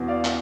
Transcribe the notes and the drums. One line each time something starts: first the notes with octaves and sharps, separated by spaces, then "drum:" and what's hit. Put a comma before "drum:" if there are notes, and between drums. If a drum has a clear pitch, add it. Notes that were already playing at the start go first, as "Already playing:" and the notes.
Already playing: E2 B2 B3
D5 F5
drum: clap